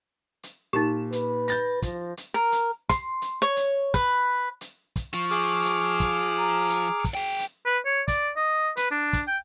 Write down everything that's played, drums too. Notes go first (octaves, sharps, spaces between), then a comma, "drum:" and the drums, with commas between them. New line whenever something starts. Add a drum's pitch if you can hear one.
drum: hi-hat
A#2 D#4 G4 E7
B4, drum: hi-hat
G6 A6 A#6, drum: hi-hat
F3, drum: kick, hi-hat
drum: hi-hat
A#4
drum: hi-hat
C6, drum: kick, hi-hat
drum: hi-hat
C#5
drum: hi-hat
B4, drum: kick, hi-hat
drum: hi-hat
drum: kick, hi-hat
F3 C#6
G#4 D6 F6, drum: hi-hat
drum: hi-hat
drum: kick, hi-hat
A#5
drum: hi-hat
drum: kick, hi-hat
G#4 G5
drum: hi-hat
B4
C#5
D5, drum: kick, hi-hat
D#5
B4, drum: hi-hat
D4
drum: kick, hi-hat
G5